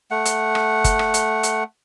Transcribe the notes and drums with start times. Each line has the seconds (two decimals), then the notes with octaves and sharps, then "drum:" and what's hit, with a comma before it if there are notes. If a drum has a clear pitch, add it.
0.11 A3 F#5
0.26 drum: hi-hat
0.55 drum: rim click
0.84 drum: kick, hi-hat
0.99 drum: rim click
1.14 drum: hi-hat
1.43 drum: hi-hat